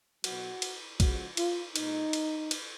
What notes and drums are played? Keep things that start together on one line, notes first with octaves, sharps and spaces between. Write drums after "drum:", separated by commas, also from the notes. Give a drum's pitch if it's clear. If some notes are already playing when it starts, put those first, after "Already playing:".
B2 F#3 F#4, drum: cymbal
drum: cymbal
C#3 F3 G#3 F#4, drum: kick, cymbal
F4, drum: cymbal
A#2 G#3 D#4, drum: cymbal
drum: cymbal
drum: cymbal